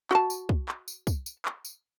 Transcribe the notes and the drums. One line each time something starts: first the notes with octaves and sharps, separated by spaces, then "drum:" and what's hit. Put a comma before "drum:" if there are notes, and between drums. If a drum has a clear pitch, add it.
F#4 A5, drum: clap
drum: tambourine
drum: kick
drum: clap
drum: tambourine
drum: kick, tambourine
drum: tambourine
drum: clap
drum: tambourine